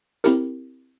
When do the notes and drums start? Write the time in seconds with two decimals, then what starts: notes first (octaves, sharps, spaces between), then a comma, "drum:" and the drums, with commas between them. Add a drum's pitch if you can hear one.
0.24 C4 E4 G4 A#4, drum: hi-hat